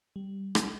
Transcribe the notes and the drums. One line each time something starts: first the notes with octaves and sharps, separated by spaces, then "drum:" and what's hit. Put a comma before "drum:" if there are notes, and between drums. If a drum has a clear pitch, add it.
G3
drum: rim click